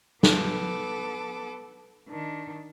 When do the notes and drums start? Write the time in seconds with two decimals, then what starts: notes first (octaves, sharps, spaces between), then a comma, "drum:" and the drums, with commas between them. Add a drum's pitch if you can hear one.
0.23 B3 A4 D6, drum: snare
2.08 D#3 D4